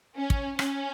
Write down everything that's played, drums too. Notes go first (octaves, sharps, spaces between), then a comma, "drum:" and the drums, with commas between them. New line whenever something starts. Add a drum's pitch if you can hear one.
C#4
drum: kick
C#4, drum: rim click